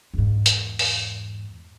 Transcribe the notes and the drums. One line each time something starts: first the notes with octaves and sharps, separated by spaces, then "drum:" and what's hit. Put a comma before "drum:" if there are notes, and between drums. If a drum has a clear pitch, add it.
E2 G#2
drum: hi-hat
drum: open hi-hat